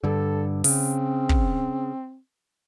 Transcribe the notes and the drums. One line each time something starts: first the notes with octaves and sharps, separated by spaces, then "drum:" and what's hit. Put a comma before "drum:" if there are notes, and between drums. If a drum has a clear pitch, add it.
G2 D3 A4
C#3 C4, drum: open hi-hat
drum: kick